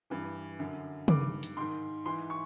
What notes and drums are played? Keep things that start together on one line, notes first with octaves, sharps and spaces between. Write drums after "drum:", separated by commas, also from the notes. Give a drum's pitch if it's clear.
G2 E3
F#2 D3
G2 D#3 D6, drum: tom
drum: hi-hat
G#2 D#3 C6
G#2 E3 C6
C#6